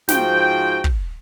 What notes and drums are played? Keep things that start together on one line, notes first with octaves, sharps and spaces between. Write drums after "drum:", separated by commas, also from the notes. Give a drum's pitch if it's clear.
G#2 F3 F#4 G5, drum: snare
drum: kick